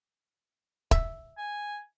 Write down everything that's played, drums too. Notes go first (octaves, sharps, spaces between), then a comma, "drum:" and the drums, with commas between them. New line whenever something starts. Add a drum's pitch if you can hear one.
E5, drum: kick
G#5